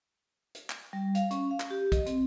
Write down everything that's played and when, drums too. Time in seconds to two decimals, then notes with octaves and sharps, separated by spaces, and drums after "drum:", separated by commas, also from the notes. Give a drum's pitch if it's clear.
0.55 drum: hi-hat
0.70 drum: clap
0.93 G3
1.15 F5, drum: hi-hat
1.31 C#4, drum: hi-hat
1.51 F5
1.60 drum: clap
1.70 G4
1.92 D#5, drum: kick B1, hi-hat
2.06 C4, drum: hi-hat